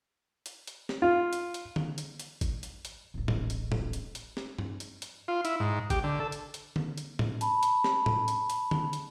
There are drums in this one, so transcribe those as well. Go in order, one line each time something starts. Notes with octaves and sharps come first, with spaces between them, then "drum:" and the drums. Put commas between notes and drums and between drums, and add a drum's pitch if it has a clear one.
drum: hi-hat
drum: hi-hat
drum: snare
F4
drum: hi-hat
drum: hi-hat
drum: tom
drum: hi-hat
drum: hi-hat
drum: kick, hi-hat
drum: hi-hat
drum: hi-hat
D1 A1
drum: tom A2
drum: hi-hat
drum: tom A2
drum: hi-hat
drum: hi-hat
drum: snare
drum: tom
drum: hi-hat
drum: hi-hat
F4
E4, drum: hi-hat
G#2
G4, drum: kick, hi-hat
D3
A4
drum: hi-hat
drum: hi-hat
drum: tom
drum: hi-hat
drum: tom A2
A5 B5, drum: hi-hat
drum: hi-hat
drum: snare
drum: tom A2
drum: hi-hat
drum: hi-hat
drum: tom
drum: hi-hat